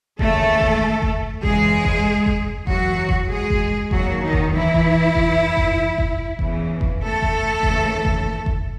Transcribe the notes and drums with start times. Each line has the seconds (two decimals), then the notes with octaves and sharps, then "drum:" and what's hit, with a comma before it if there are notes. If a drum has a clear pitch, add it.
0.19 D#2 C#3 E3 A3 A4, drum: kick F#1
0.61 drum: kick F#1
1.02 drum: kick F#1
1.43 F#2 C#3 E3 G#3 G#4, drum: kick F#1
1.85 drum: kick F#1
2.26 drum: kick F#1
2.67 F#2 E3 F#3 F#4, drum: kick F#1
3.09 drum: kick F#1
3.29 G#3 G#4
3.50 drum: kick F#1
3.91 D#2 D#3 F#3 F#4, drum: kick F#1
4.22 D#3 D#4
4.33 drum: kick F#1
4.53 E3 E4
4.74 drum: kick F#1
5.15 F#2 E3, drum: kick F#1
5.57 drum: kick F#1
5.98 drum: kick F#1
6.39 E2 C#3 E3, drum: kick F#1
6.81 drum: kick F#1
7.01 A3 A4
7.22 drum: kick F#1
7.63 D#2 C#3 E3, drum: kick F#1
8.05 drum: kick F#1
8.46 drum: kick F#1